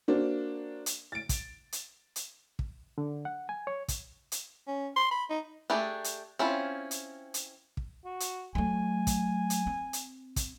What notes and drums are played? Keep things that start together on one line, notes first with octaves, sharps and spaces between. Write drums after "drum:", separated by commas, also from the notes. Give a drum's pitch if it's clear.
A#3 D4 F#4 C5
drum: hi-hat
A6 D7
drum: kick, hi-hat
drum: hi-hat
drum: hi-hat
drum: kick
D3
F#5
G#5
C#5
drum: kick, hi-hat
drum: hi-hat
C#4
C6
B5
D#4
A3 D4 G4 G#4
drum: hi-hat
C4 C#4 E4 F4
drum: hi-hat
drum: hi-hat
drum: kick
F#4
drum: hi-hat
F#3 A3 G#5
drum: kick, hi-hat
drum: hi-hat
C4
drum: hi-hat
drum: kick, hi-hat